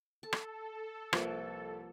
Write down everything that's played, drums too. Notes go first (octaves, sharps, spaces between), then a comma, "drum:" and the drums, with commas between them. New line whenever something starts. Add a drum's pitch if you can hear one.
A4 A5
drum: rim click
C2 F3 A#3 B4 E5, drum: rim click